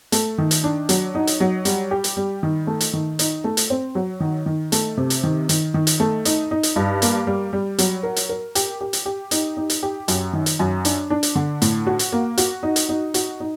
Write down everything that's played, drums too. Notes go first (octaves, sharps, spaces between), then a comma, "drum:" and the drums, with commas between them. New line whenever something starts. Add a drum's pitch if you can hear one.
A3, drum: hi-hat
D#3
drum: hi-hat
D4
F#3, drum: hi-hat
D#4
drum: hi-hat
F#3
G3, drum: hi-hat
G4
drum: hi-hat
G3
D#3
A3
drum: hi-hat
D#3
D#4, drum: hi-hat
A3
drum: hi-hat
C4
F#3
D#3
D#3
A3, drum: hi-hat
C3
drum: hi-hat
D#3
D#3, drum: hi-hat
D#3
drum: hi-hat
A3
D#4, drum: hi-hat
D#4
drum: hi-hat
G2
A#3, drum: hi-hat
G3
G3
F#3, drum: hi-hat
A#4
drum: hi-hat
A#4
G4, drum: hi-hat
G4
drum: hi-hat
G4
D#4, drum: hi-hat
D#4
drum: hi-hat
G4
F#2, drum: hi-hat
D#3
drum: hi-hat
F#2
D4, drum: hi-hat
D4
drum: hi-hat
D3
A2, drum: hi-hat
F#4
drum: hi-hat
A#3
F#4, drum: hi-hat
D#4
drum: hi-hat
D#4
F#4, drum: hi-hat
D#4